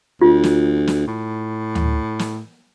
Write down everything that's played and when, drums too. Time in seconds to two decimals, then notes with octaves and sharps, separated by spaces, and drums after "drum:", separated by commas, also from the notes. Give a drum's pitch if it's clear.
0.22 D2 F4
0.43 drum: snare
0.87 drum: snare
1.07 A2
1.75 drum: tom D2
2.19 drum: snare